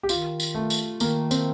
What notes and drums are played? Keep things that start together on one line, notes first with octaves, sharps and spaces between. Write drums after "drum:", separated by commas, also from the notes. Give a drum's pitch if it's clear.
G4
D#3 F4, drum: tambourine
drum: tambourine
A3
drum: tambourine
D#3 A#3, drum: tambourine
C4, drum: tambourine